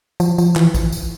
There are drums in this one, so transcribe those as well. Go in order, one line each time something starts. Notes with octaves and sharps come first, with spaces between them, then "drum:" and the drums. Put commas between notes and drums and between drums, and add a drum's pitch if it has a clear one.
F3, drum: tambourine
F3, drum: tambourine
E3, drum: clap
drum: kick, tambourine
drum: tambourine